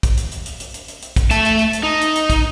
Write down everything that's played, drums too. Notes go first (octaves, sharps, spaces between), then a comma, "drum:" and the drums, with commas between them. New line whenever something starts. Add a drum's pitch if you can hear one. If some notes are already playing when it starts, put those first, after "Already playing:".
drum: kick, hi-hat
drum: hi-hat
drum: hi-hat
drum: hi-hat
drum: hi-hat
drum: hi-hat
drum: hi-hat
drum: hi-hat
drum: kick, hi-hat
A3 A5, drum: hi-hat
drum: hi-hat
drum: hi-hat
drum: hi-hat
D#4
drum: hi-hat
drum: hi-hat
drum: kick, hi-hat